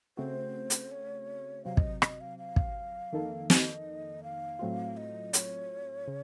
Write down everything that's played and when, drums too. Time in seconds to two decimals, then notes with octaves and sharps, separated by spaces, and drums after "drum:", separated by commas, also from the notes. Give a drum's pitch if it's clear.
0.17 C#3 A3 C4 F#4 C5
0.70 drum: hi-hat
0.91 C#5
1.65 C3 F#3 C4 F5
1.77 D#5, drum: kick
2.02 D#5, drum: rim click
2.21 F5
2.38 F5
2.56 drum: kick
3.12 F2 D#3 A#3 D#4 A4
3.50 D#5, drum: snare
4.23 F5
4.59 A2 F#3 A3 C4 F4
4.97 D#5
5.33 C#5, drum: hi-hat
6.08 C#3